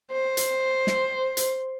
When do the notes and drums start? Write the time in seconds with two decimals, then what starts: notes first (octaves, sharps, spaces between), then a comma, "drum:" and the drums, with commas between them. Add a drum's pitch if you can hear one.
0.12 C5
0.37 drum: hi-hat
0.87 drum: snare
1.37 drum: hi-hat